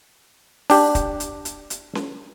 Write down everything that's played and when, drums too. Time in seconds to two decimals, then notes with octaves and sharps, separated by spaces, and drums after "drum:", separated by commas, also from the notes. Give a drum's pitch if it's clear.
0.70 D4 G4, drum: open hi-hat
0.95 drum: kick, hi-hat
1.20 drum: hi-hat
1.45 drum: hi-hat
1.70 drum: hi-hat
1.95 drum: snare C#4